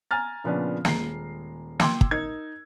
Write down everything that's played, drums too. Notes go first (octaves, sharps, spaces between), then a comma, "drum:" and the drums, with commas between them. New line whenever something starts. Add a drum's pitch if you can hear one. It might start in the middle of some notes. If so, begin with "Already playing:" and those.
G#5 A#5 F6 A6
A#2 C#3 F3 B3 C#4 D4
D#1 G#3 A#5 C7, drum: snare
G5 C6 D6 E6 G#6, drum: snare
drum: kick
D#4 A#4 G#6